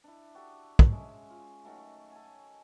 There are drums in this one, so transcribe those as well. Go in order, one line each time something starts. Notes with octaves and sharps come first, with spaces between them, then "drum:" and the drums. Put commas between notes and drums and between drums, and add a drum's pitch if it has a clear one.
D4 E4
D4 F#4 G4 A4
drum: kick
G#3 C#4 E5
F4
D#3 F#3 A3
A4 G#5